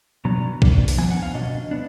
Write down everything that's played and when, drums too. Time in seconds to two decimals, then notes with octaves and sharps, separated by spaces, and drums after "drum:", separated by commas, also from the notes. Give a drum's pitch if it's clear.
0.25 B2 F#3 B3 D4 A#5
0.62 B2 A#3 D4, drum: kick
0.88 drum: open hi-hat
0.98 F3 B3 D4 G#5
1.11 F#5
1.22 F5
1.34 B2 F#3 D4 D#5
1.71 B3 D4